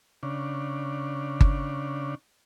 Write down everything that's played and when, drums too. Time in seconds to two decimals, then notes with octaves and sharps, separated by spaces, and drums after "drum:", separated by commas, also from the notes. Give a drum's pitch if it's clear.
0.23 C#3 D4
1.41 drum: kick G1